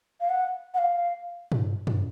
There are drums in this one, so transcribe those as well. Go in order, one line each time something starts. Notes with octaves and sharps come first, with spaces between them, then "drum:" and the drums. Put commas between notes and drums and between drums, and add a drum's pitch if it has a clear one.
F5
F#5
F#5
F5
drum: tom
drum: tom F#2